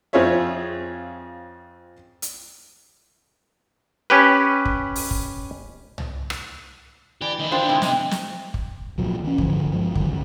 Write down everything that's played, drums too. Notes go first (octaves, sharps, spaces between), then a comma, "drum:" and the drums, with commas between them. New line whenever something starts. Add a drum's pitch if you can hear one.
F2 C4 F4 G#4 C#5 E5
drum: hi-hat
C#4 G4 B4
drum: kick
drum: open hi-hat
drum: kick
drum: tom
drum: rim click
E3 G4 D5
D#3 E4 D#5
D4 F4 C5 G5
C3 G#3
B2 D#5, drum: snare
drum: snare
drum: kick
C#2 A#2 F3 F#3
E3 C#4
G#2 D3 F3, drum: kick
G2 F3 G#3
D3 D#3 F#3, drum: kick
C2 C#3